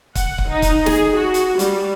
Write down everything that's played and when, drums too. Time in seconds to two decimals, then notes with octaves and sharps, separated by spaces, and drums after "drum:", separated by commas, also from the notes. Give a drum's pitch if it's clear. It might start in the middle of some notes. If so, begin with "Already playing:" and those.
0.15 F#5, drum: kick, hi-hat
0.38 drum: kick
0.48 D#4
0.62 drum: kick, hi-hat
0.86 G#4, drum: snare
1.17 F#4
1.34 drum: hi-hat
1.59 G3, drum: hi-hat